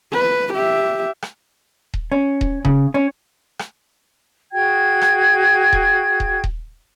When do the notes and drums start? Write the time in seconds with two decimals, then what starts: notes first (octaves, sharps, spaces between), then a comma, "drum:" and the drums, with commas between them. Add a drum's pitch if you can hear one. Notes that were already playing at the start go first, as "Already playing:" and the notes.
0.13 B4
0.54 G4 E5
1.22 drum: rim click
1.94 drum: kick D#1
2.12 C#4
2.41 drum: kick D#1
2.65 C#3, drum: kick D#1
2.94 C#4
3.59 drum: rim click
4.52 F#4 G#4 G5 G#6
5.01 drum: rim click
5.73 drum: kick D#1
6.20 drum: kick D#1
6.44 drum: kick D#1